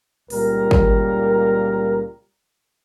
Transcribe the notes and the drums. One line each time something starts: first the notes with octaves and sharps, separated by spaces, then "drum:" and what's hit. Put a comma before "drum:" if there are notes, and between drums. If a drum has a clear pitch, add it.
C#2 A#2 G3 A#4, drum: open hi-hat
drum: kick